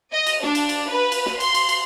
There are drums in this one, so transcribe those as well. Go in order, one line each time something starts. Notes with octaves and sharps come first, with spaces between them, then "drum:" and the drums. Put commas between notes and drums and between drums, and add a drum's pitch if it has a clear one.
D#5
drum: cymbal
D4, drum: snare
drum: cymbal
drum: cymbal
B4
drum: cymbal
drum: snare
C6, drum: cymbal
drum: cymbal
drum: cymbal